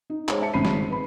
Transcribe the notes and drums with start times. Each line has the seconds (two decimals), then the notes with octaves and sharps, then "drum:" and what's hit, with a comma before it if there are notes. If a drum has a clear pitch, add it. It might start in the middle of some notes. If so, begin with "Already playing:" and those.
0.10 D#4
0.28 G#3 C5 C#5, drum: clap
0.42 E5 A5 C#7
0.54 G#1 C#3 B5 C7 D#7
0.65 drum: snare
0.90 B4 B5